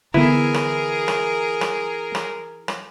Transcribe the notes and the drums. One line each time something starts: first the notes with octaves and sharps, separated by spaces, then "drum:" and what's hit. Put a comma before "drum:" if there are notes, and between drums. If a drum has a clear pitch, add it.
D3 E3 B3 E4 G#4 A#4
drum: rim click
drum: rim click
drum: rim click
drum: rim click
drum: rim click